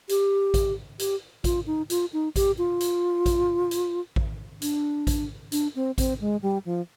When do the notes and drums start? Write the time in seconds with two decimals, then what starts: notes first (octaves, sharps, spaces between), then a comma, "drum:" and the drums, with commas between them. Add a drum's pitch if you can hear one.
0.09 G4, drum: hi-hat
0.54 drum: kick A1, hi-hat
0.99 G4, drum: hi-hat
1.44 F4, drum: kick A1, hi-hat
1.67 D#4
1.90 F4, drum: hi-hat
2.13 D#4
2.36 G4, drum: kick A1, hi-hat
2.58 F4
2.80 drum: hi-hat
3.26 drum: kick A1, hi-hat
3.71 drum: hi-hat
4.16 drum: kick A1
4.62 D4, drum: hi-hat
5.07 drum: kick A1, hi-hat
5.52 D4, drum: hi-hat
5.75 C4
5.98 C4, drum: kick A1, hi-hat
6.21 G#3
6.42 G3
6.65 F3